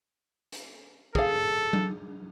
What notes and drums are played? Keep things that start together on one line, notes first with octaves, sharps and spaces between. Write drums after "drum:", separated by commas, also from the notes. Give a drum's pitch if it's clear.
drum: hi-hat
G#4 A4 F5, drum: kick
drum: tom F#3